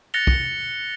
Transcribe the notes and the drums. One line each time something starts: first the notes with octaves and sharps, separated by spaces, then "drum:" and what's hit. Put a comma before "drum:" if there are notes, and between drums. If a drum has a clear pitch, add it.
F#6 A6 A#6 C#7 F7 G7
drum: kick